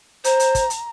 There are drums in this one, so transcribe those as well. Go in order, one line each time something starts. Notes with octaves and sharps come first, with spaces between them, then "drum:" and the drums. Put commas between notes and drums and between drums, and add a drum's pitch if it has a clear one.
C5 A#5, drum: hi-hat
drum: hi-hat
drum: kick, hi-hat
drum: hi-hat